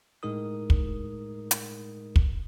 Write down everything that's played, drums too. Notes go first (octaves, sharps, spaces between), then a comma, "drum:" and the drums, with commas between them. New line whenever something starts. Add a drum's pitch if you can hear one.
A2 G#3 D#4 A#4 D#6
drum: kick
drum: hi-hat
drum: kick